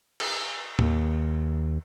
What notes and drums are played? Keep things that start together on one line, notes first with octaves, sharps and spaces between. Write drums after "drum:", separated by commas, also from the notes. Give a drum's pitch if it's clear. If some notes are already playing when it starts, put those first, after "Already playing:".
drum: cymbal
D#2, drum: tom